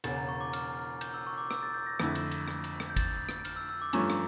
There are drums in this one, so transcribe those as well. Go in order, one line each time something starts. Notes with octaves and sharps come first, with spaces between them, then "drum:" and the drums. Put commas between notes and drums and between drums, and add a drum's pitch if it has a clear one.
E1 E2 C#3 A6, drum: cymbal
A#5
C#6
D6
F6, drum: cymbal
F6
G6, drum: cymbal
E6
C#6
D6
E6, drum: rim click
A6
G6
A#6
F2 D3 A3 E4, drum: rim click
drum: cymbal
drum: cymbal
drum: rim click
drum: cymbal
drum: rim click
G6
A6, drum: kick G1, cymbal
drum: rim click
F6, drum: cymbal
E6
E6
D6
G2 F3 A3 C#4 A#5, drum: cymbal
drum: rim click